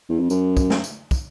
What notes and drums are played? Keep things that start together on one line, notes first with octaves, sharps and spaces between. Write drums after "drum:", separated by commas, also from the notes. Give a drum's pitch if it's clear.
E2
F2
F#2, drum: tambourine
drum: kick, tambourine
drum: snare
drum: tambourine
drum: kick, tambourine